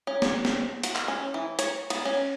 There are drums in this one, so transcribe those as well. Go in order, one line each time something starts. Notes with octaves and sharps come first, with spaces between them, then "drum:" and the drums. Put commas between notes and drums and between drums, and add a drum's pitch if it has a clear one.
C#4
C#5, drum: snare
drum: snare
F#4, drum: hi-hat
drum: clap
C#4
E3
C#5, drum: hi-hat
B3, drum: cymbal
C#4